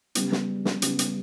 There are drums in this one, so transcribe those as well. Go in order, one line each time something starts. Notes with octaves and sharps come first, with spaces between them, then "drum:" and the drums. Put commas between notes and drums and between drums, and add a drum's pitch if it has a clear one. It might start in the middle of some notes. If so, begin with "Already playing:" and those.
C#3 G3 B3, drum: hi-hat
drum: snare
drum: snare
C#3 G3 B3, drum: hi-hat
drum: hi-hat